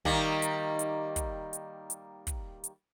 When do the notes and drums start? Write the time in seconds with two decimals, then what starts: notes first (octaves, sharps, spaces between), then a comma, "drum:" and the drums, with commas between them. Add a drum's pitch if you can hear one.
0.05 D#3 G3 A#3, drum: kick
0.42 drum: hi-hat
0.79 drum: hi-hat
1.16 drum: kick, hi-hat
1.53 drum: hi-hat
1.90 drum: hi-hat
2.27 drum: kick, hi-hat
2.64 drum: hi-hat